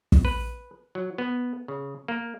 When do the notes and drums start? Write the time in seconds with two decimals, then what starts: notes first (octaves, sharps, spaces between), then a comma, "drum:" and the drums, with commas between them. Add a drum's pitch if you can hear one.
0.12 drum: kick
0.25 B4
0.95 F#3
1.18 B3
1.68 C#3
2.08 A#3